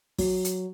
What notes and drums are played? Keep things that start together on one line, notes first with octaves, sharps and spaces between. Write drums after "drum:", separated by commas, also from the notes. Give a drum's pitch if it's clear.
F#3, drum: kick, open hi-hat
drum: hi-hat